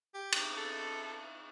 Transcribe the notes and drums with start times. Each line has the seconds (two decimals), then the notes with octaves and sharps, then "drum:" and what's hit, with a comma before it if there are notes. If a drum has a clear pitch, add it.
0.14 G4
0.32 drum: cymbal
0.57 A4